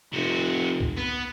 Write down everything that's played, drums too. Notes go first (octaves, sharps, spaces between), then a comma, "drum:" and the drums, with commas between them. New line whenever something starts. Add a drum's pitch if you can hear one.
F1 C3 F#4
drum: kick C2
B3 B4